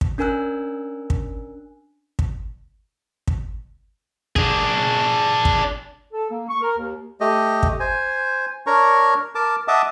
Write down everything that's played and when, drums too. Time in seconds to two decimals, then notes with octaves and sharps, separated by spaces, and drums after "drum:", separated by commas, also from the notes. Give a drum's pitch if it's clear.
0.01 drum: kick
0.18 C#4 D4 A#4 G#5 E6 F#6
1.10 drum: kick
2.19 drum: kick
3.28 drum: kick
4.36 D4 G#4, drum: kick
5.45 drum: kick
6.13 A4
6.30 A#3
6.49 C#6
6.61 A#4
6.78 D#2
7.21 A3 G4 D#5
7.63 drum: kick
7.80 C5 G#5
8.67 D4 A#4 C#5 A#5 C#6
9.35 A#4 A5 D6
9.68 D#5 E5 F#5 A5 D6 D#6